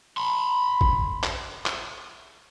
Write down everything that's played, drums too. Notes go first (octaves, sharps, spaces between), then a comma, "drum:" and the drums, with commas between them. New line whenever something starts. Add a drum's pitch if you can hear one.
B5 C6
drum: kick
drum: clap
drum: clap